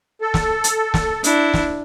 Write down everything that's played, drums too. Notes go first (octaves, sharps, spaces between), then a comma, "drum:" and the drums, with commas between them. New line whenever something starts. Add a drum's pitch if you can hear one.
A4
drum: snare
drum: hi-hat
drum: snare
D4 E4, drum: hi-hat
drum: snare